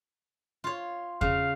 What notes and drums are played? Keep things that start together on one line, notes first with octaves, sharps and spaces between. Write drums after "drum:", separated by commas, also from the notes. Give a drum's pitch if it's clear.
F4 C#5
C#3 F5, drum: kick E2